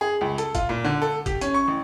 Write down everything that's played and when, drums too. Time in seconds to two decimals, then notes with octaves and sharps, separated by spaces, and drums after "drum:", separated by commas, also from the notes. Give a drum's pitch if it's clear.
0.01 G#4
0.21 C#2
0.38 A4, drum: hi-hat
0.55 F4, drum: kick, hi-hat
0.69 A#2
0.84 D3
1.02 A4
1.26 G4, drum: kick, hi-hat
1.41 C#4, drum: hi-hat
1.54 C#6
1.68 A1